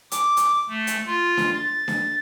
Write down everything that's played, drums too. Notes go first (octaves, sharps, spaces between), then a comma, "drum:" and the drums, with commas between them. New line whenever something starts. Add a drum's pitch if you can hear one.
D6, drum: hi-hat
drum: hi-hat
A3
drum: hi-hat
F4
drum: snare D4
A6
drum: snare D4